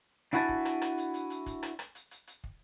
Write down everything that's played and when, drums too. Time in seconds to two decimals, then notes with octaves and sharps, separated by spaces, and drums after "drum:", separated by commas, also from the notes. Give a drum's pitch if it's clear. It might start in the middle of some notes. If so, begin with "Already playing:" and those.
0.33 D4 E4 F#4 B4 G#5 A5, drum: hi-hat
0.49 drum: kick
0.65 drum: rim click
0.81 drum: rim click
0.98 drum: hi-hat
1.14 drum: hi-hat
1.30 drum: hi-hat
1.46 drum: kick, hi-hat
1.63 drum: rim click
1.79 drum: rim click
1.95 drum: hi-hat
2.11 drum: hi-hat
2.27 drum: hi-hat
2.44 drum: kick